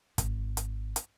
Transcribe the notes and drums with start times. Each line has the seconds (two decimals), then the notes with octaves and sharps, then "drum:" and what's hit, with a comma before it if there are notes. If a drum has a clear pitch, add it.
0.18 G#1, drum: kick, hi-hat
0.57 drum: hi-hat
0.96 drum: hi-hat